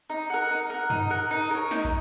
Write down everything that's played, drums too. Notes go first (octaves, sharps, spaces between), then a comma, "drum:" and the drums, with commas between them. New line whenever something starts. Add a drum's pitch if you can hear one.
D#4
A#4 F#5
D#4
A#4 F#5
D#4, drum: tom
A#4 F#5
D#4
A#4 C#5
D#4, drum: snare
drum: kick